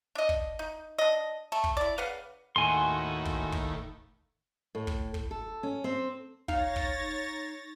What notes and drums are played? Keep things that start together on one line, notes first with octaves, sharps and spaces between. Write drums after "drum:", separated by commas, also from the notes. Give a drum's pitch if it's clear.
D4 D#5
drum: kick
D#4
D4 D#5
A3 A4
drum: kick
E4 D5
C#3 B4 F5 F#5
D#2 A2 F#4 G#5 C6
drum: kick
drum: kick
A2
drum: kick
drum: kick
A4
C#4
C4
D#4 C#5 F5 A6 A#6, drum: kick
drum: kick